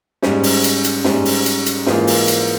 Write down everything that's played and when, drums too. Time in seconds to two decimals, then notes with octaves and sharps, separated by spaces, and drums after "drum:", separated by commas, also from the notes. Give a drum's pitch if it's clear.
0.22 G#2 G3 C#4, drum: snare
0.43 drum: open hi-hat
0.64 drum: hi-hat
0.84 drum: hi-hat
1.04 G#2 G3 C#4, drum: snare
1.25 drum: open hi-hat
1.46 drum: hi-hat
1.66 drum: hi-hat
1.86 G#2 E3 A#3 F4 G#4, drum: snare
2.07 drum: open hi-hat
2.28 drum: hi-hat